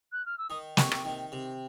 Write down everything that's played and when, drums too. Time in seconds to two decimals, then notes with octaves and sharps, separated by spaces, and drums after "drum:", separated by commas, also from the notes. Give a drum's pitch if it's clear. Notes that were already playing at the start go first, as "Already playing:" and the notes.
0.12 F#6
0.26 F6
0.38 E6
0.50 D#3 D#6
0.77 C3 C#6, drum: snare
0.92 drum: rim click
1.05 D#3
1.32 C3